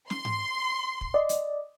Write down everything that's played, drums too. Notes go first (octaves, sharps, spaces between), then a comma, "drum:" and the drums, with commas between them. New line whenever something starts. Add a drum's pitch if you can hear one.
C6, drum: snare
drum: tom G#2
drum: kick
D5 D#5
drum: hi-hat